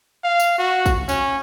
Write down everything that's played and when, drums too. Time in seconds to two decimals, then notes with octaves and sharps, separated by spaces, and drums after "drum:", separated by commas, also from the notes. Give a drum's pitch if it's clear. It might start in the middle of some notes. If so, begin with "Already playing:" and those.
0.24 F5
0.40 drum: tambourine
0.59 F#4
0.86 drum: kick, tambourine
1.09 C#4, drum: tambourine